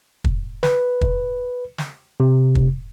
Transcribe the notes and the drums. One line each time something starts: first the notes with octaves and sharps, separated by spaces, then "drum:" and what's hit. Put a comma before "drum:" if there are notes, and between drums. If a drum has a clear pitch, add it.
drum: kick
B4, drum: snare
drum: kick
drum: snare
C3
drum: kick